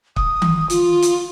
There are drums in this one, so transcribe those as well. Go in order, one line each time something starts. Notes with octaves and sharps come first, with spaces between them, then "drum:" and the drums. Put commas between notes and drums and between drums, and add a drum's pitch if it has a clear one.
D#6, drum: kick
drum: tom D#3
F4, drum: hi-hat
drum: hi-hat